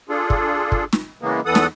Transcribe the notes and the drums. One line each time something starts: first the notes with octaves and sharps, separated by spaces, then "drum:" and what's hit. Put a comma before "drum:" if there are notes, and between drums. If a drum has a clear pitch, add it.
D4 F4 G#4 A4
drum: kick
drum: kick
drum: snare
C#3 E3 G#3 A#3 B3
E2 E3 A4 F#5 D#6
drum: snare